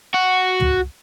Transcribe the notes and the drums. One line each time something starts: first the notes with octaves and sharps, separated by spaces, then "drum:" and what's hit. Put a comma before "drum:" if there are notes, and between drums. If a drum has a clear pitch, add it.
F#4
drum: tom